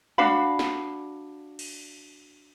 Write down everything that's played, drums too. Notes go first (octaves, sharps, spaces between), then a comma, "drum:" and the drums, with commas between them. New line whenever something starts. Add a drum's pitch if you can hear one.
D4 F#4 F5 B5, drum: tom G3
drum: snare
drum: cymbal